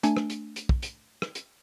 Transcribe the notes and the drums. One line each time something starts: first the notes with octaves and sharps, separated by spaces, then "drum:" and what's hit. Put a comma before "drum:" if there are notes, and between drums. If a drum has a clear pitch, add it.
A3 D4 G#5, drum: hi-hat
drum: rim click
drum: hi-hat
drum: hi-hat
drum: kick
drum: hi-hat
drum: rim click
drum: hi-hat